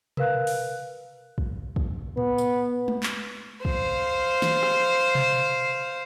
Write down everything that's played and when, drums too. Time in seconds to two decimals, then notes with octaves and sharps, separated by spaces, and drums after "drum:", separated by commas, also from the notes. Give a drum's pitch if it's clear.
0.17 A#4 B4 F5 F#6, drum: tom B2
0.47 drum: open hi-hat
1.38 drum: kick
1.76 drum: kick
2.17 B3, drum: tom A2
2.38 drum: tambourine
2.88 drum: tom G#3
3.03 drum: clap
3.65 C5 F5, drum: kick
4.42 drum: snare
4.63 drum: rim click
5.15 drum: tom B2